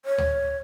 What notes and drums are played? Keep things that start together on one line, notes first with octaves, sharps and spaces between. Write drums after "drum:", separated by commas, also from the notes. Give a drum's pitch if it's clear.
C#5
drum: tom D2